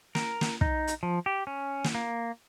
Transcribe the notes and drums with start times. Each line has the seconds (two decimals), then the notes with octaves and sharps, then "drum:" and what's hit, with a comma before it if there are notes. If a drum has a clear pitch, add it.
0.15 A#4, drum: snare
0.41 drum: snare
0.61 D#4, drum: kick
0.87 drum: hi-hat
1.03 F3
1.26 G4
1.47 C#4
1.84 drum: snare
1.95 A#3